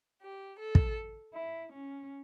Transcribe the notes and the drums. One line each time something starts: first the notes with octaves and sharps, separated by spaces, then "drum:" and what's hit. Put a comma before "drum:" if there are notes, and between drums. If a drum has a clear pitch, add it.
G4
A4
drum: kick
E4
C#4